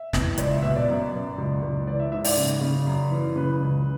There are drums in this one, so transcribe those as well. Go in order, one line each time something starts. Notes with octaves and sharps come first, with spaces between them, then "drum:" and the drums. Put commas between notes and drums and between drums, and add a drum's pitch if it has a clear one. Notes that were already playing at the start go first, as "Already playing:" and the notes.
Already playing: E5
E3, drum: snare
C#2 D5, drum: hi-hat
E5
B2 E5
D5
F#2
F#2
C#2
C#2
E3 D5
E5
G#2 E5
D5, drum: open hi-hat
C#3
C#3
F#2
E3
C#3 B4
C#2